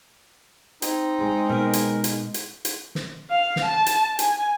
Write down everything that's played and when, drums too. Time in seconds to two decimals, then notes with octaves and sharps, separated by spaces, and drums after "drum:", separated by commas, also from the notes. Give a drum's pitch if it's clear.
0.82 C4 D#4, drum: hi-hat
1.18 G#3
1.49 B2 D#4 A#4
1.73 drum: hi-hat
2.04 drum: hi-hat
2.34 drum: hi-hat
2.65 drum: hi-hat
2.95 drum: snare
3.31 F5
3.56 drum: snare
3.65 A5
3.86 drum: hi-hat
4.19 G#5, drum: hi-hat